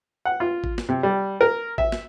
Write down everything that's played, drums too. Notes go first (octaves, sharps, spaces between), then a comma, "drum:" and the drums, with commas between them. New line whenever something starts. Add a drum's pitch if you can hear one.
F#5
F4
drum: kick A1
drum: snare
C3
G3
A#4
E5, drum: kick A1
drum: snare